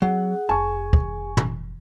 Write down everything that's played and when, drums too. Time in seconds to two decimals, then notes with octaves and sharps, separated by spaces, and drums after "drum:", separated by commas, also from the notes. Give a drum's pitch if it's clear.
0.02 F#3 C4 G#4 F#5
0.49 F1 G#5 A5 C#6
0.93 drum: kick
1.37 drum: tom